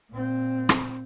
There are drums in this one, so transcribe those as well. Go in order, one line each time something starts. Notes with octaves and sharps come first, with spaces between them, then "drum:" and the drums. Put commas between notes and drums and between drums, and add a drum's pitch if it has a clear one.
A#2 C4
drum: rim click